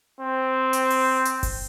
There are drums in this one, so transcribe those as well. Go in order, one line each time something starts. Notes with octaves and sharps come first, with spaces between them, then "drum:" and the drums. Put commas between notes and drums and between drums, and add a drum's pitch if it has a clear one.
C4
drum: hi-hat
drum: open hi-hat
drum: hi-hat
drum: kick F#1, open hi-hat